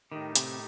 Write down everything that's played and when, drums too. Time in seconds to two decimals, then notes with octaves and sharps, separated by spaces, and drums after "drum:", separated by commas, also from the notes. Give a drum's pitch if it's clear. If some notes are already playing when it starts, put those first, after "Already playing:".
0.11 A2 D#3 A3 D#4 G4
0.35 C3, drum: hi-hat